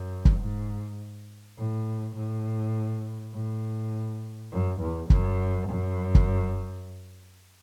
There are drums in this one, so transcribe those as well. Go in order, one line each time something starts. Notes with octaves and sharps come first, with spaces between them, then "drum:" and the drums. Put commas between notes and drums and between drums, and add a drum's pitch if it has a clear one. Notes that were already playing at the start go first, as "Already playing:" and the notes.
Already playing: F#2
drum: kick
G#2
A2
A2
A2
F#2
E2
F#2, drum: kick
F#2
drum: kick